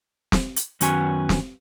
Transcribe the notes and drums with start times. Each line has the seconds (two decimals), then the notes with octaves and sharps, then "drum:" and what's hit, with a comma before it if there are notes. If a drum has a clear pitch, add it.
0.32 drum: snare
0.56 drum: hi-hat
0.81 F#2 D#3 B3 C#4 F#4 G#5, drum: hi-hat
1.29 drum: snare